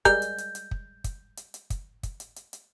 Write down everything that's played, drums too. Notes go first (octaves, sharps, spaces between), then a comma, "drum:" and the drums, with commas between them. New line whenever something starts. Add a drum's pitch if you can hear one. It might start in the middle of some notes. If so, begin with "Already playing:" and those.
G3 G#3 A#4 G6, drum: kick, hi-hat
drum: hi-hat
drum: hi-hat
drum: hi-hat
drum: kick
drum: kick, hi-hat
drum: hi-hat
drum: hi-hat
drum: kick, hi-hat
drum: kick, hi-hat
drum: hi-hat
drum: hi-hat
drum: hi-hat